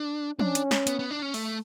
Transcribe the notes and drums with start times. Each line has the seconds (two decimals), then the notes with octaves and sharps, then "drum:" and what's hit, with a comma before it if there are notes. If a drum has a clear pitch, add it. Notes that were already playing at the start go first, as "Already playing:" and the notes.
Already playing: D4
0.39 C#4 D4, drum: tom
0.55 drum: hi-hat
0.71 drum: snare
0.87 B3, drum: hi-hat
0.99 B3
1.11 D4
1.22 C#4
1.34 A3, drum: open hi-hat